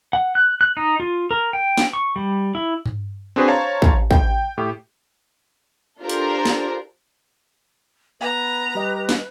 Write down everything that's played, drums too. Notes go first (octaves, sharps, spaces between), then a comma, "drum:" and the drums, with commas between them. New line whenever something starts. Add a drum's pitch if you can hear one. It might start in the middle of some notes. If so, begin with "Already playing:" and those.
F#5
F#6
F#6
D#4
F4
A#4
G5
drum: snare
C#6
G3
E4
drum: tom G2
C4 D4 F#4 G#4 B4 C5
C5 C#5 F5 A5 A#5
drum: kick
G5, drum: kick
A2 G4
D4 F4 G4 A4 A#4 C5
drum: hi-hat
drum: snare
B3 B4 A#5
G3 G4 D#5
drum: snare